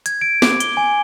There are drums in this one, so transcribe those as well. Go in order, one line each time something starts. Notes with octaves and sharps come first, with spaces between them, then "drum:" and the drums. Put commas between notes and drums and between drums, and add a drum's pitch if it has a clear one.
G#6, drum: hi-hat
D7
D6, drum: snare
G7, drum: hi-hat
G#5